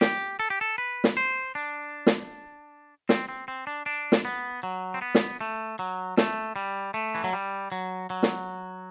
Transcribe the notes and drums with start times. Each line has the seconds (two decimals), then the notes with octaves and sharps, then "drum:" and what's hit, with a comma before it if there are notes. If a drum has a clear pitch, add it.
0.01 G4, drum: snare
0.40 A4
0.50 G4
0.61 A4
0.78 B4
1.04 drum: snare
1.17 C5
1.55 D4
2.07 drum: snare
3.09 C4, drum: snare
3.29 C4
3.48 C4
3.67 D4
3.86 D4
4.12 drum: snare
4.25 B3
4.63 F#3
4.94 C4
5.02 B3
5.15 drum: snare
5.41 A3
5.79 F#3
6.17 A3, drum: snare
6.56 G3
6.94 A3
7.15 E3
7.24 F#3
7.33 G3
7.72 F#3
8.10 F#3
8.23 drum: snare